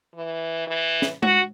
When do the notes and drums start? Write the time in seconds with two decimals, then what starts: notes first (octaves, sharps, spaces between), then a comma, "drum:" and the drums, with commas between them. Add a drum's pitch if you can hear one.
0.15 E3
0.67 E3
1.02 drum: snare
1.23 F#4, drum: tom G#3